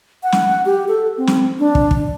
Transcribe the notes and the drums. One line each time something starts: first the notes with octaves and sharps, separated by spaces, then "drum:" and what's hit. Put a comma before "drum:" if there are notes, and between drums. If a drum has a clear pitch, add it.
F#5
drum: snare
G4
A4
C4
drum: snare
D4
drum: kick
drum: kick